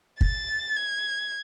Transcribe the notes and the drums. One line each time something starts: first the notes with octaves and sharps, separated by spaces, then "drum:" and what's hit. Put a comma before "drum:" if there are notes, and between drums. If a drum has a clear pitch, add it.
A6, drum: kick
G#6